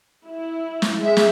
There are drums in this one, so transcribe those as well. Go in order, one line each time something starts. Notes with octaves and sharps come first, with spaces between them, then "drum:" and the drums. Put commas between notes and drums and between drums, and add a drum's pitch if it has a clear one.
E4
drum: snare
G#3 E5
drum: snare